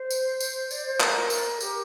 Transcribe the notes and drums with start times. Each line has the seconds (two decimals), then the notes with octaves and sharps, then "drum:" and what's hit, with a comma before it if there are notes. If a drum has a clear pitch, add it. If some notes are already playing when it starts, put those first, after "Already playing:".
Already playing: C5
0.11 drum: tambourine
0.40 drum: tambourine
0.71 D5, drum: tambourine
0.85 C5
1.00 A#4, drum: clap
1.30 drum: tambourine
1.60 G4, drum: tambourine